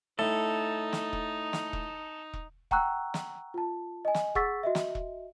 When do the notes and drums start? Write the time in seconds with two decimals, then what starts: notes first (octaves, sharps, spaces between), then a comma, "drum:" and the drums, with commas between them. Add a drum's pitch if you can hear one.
0.19 A2 D#4 A4
0.93 drum: snare
1.13 drum: kick E1
1.53 drum: snare
1.73 drum: kick E1
2.33 drum: kick E1
2.71 F#5 G5 A#5 C#6 E6 F#6, drum: kick E1
3.14 drum: snare
3.54 F4 A5
4.05 D#5 G#5
4.15 drum: snare
4.35 G#4 F#5 C#6 E6 A6 B6, drum: kick E1
4.63 F#4 D#5 E5
4.75 drum: snare
4.95 drum: kick E1